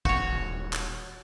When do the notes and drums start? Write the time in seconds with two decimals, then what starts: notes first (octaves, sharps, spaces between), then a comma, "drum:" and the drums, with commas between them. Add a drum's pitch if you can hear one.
0.05 D#1 F#4 C#5, drum: kick
0.73 drum: clap